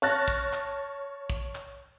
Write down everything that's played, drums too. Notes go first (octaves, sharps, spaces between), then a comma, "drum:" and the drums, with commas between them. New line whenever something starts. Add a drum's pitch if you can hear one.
C#5 A5 F6 F#6 A6 A#6
drum: kick
drum: clap
drum: kick
drum: clap